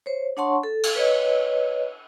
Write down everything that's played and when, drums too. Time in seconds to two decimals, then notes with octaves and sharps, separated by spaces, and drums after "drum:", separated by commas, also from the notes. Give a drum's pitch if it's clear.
0.06 C5 C#5
0.37 D4 C#5 F#5 A5 C6 C#6
0.64 A4
0.83 drum: cymbal
0.95 B4 C#5 D#5